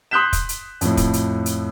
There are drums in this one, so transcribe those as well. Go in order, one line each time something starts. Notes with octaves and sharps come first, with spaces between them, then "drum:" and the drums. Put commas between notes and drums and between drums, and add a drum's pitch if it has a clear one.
C6 D#6 F#6 G6 B6 E7
drum: kick, hi-hat
drum: hi-hat
F2 A2, drum: hi-hat
drum: kick, hi-hat
drum: hi-hat
drum: hi-hat